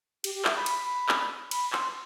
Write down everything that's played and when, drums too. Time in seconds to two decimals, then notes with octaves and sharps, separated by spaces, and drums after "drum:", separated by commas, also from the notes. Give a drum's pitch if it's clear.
0.24 G4, drum: cymbal
0.35 G4
0.45 E5, drum: clap
0.56 B5
0.66 B5, drum: cymbal
1.09 drum: clap
1.51 B5, drum: cymbal
1.73 C6, drum: clap